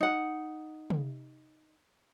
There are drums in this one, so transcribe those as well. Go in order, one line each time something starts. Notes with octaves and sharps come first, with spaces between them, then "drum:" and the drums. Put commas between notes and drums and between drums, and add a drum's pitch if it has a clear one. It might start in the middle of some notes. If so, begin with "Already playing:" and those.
D#4 F#5
drum: tom